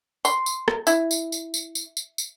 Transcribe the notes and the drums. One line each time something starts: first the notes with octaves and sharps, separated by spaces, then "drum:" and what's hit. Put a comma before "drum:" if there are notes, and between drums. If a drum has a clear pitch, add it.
C6, drum: tambourine
drum: tambourine
drum: rim click
E4, drum: tambourine
drum: tambourine
drum: tambourine
drum: tambourine
drum: tambourine
drum: tambourine
drum: tambourine